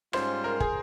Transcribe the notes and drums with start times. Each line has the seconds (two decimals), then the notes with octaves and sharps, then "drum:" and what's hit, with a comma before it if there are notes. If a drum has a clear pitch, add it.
0.13 G#2 G3 C#4 F4 C5, drum: rim click
0.44 A#4
0.60 G#4, drum: kick